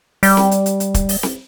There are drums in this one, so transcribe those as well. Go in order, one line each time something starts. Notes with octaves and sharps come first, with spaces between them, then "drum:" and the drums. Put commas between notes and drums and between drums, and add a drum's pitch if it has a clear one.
G3, drum: open hi-hat
drum: snare C4
drum: hi-hat
drum: hi-hat
drum: hi-hat
drum: kick, hi-hat
drum: open hi-hat
drum: snare C4